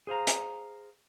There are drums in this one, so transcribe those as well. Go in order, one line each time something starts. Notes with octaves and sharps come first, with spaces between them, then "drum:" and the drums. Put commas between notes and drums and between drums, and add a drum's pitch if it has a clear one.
G#4 C5 F5 A#5
drum: hi-hat